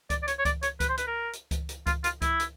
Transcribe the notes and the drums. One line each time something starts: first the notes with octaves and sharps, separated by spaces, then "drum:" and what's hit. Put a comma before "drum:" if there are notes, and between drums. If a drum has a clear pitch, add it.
D5, drum: kick C#2, hi-hat
D5
C#5, drum: hi-hat
C#5
D5, drum: kick C#2, hi-hat
C#5, drum: hi-hat
B4, drum: kick C#2, hi-hat
C5
B4, drum: hi-hat
A#4
drum: hi-hat
drum: kick C#2, hi-hat
drum: hi-hat
F4, drum: kick C#2, hi-hat
F4, drum: hi-hat
E4, drum: kick C#2, hi-hat
drum: hi-hat